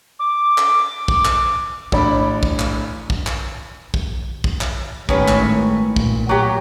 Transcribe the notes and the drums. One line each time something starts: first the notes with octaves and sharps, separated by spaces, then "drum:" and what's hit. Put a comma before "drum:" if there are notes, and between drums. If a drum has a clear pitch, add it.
D6
drum: clap
drum: kick
drum: clap
A1 D4 D5 B5, drum: kick
drum: kick
drum: clap
drum: kick
drum: clap
drum: kick
drum: kick
drum: clap
G#1 A2 D#3 C#4 B4, drum: kick
drum: clap
A#2, drum: kick
F#3 G4